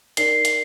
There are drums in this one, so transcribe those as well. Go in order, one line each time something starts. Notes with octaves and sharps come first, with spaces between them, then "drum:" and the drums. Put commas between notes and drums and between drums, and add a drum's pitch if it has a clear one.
D#4 A#4 D5 C7, drum: hi-hat
drum: hi-hat